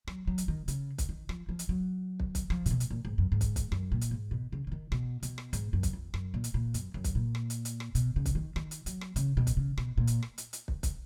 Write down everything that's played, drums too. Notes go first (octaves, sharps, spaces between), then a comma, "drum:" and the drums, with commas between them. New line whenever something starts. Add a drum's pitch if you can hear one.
F#3, drum: rim click
F#3
drum: hi-hat
D#3
C#3, drum: hi-hat
drum: kick, hi-hat
D#3
F3, drum: rim click
F3
drum: hi-hat
F#3
drum: kick
drum: kick, hi-hat
F3, drum: rim click
A#2, drum: hi-hat
B2
drum: hi-hat
A#2
G#2
F#2
G#2
drum: kick, hi-hat
drum: kick, hi-hat
F#2, drum: rim click
A#2
drum: hi-hat
G#2
B2
C#3
C#3
D#3
B2, drum: rim click
B2, drum: hi-hat
drum: rim click
G#2, drum: hi-hat
F#2
drum: kick, hi-hat
F2
F#2, drum: rim click
A#2
drum: hi-hat
A#2
F#2, drum: hi-hat
F#2
drum: kick, hi-hat
A#2
drum: rim click
drum: hi-hat
drum: hi-hat
drum: rim click
B2, drum: hi-hat
C#3
drum: kick, hi-hat
D#3
D#3, drum: rim click
drum: hi-hat
F#3, drum: hi-hat
drum: rim click
C#3, drum: hi-hat
B2
drum: kick, hi-hat
C#3
B2, drum: rim click
A#2
drum: hi-hat
drum: rim click
drum: hi-hat
drum: hi-hat
drum: kick
drum: kick, hi-hat